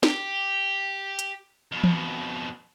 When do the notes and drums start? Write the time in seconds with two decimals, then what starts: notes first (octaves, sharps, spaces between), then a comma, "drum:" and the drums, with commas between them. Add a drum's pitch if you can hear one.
0.03 G4, drum: snare
1.19 drum: hi-hat
1.72 F2 B2
1.84 drum: tom E3